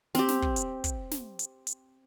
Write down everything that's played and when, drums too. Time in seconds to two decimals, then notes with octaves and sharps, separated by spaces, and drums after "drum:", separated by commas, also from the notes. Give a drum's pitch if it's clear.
0.15 C4 G4, drum: snare
0.28 drum: snare
0.42 drum: kick
0.56 drum: hi-hat
0.84 drum: kick, hi-hat
1.11 drum: snare
1.39 drum: hi-hat
1.67 drum: hi-hat